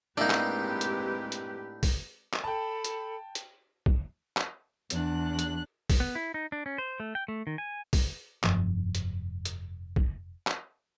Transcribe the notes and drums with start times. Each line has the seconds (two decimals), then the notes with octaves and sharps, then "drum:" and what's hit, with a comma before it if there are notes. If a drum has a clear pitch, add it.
0.17 A2 G#3 A#3 C4 D4 D#4 G4 B4
0.30 drum: clap
0.81 drum: hi-hat
1.32 drum: hi-hat
1.83 drum: kick, open hi-hat
2.34 drum: clap
2.44 A4 G5 A5 B5
2.84 drum: hi-hat
3.35 drum: hi-hat
3.86 drum: kick
4.37 drum: clap
4.90 E2 D4 F#6, drum: hi-hat
5.39 drum: hi-hat
5.90 drum: kick, open hi-hat
6.00 B3
6.15 E4
6.34 D#4
6.52 D4
6.66 C#4
6.78 C5
7.00 A3
7.15 G5
7.28 A3
7.47 D#3
7.58 G#5
7.93 drum: kick, open hi-hat
8.44 F1 G2 F3, drum: clap
8.95 drum: hi-hat
9.45 drum: hi-hat
9.96 drum: kick
10.47 drum: clap